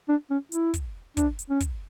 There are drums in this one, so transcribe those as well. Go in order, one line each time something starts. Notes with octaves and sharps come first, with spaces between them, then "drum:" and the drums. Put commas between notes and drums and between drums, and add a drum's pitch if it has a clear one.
D4
C#4
E4, drum: hi-hat
drum: kick, hi-hat
D4, drum: kick, hi-hat
drum: hi-hat
C#4
drum: kick, hi-hat